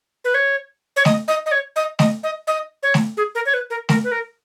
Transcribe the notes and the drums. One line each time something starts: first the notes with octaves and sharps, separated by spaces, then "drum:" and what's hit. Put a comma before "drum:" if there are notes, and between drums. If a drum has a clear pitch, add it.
B4
C#5
C#5
D#5, drum: snare A3
D#5
D#5
C#5
D#5
D#5, drum: snare A3
D#5
D#5
C#5
drum: snare A3
G#4
A#4
C#5
B4
A#4
A#4, drum: snare A3
B4
A#4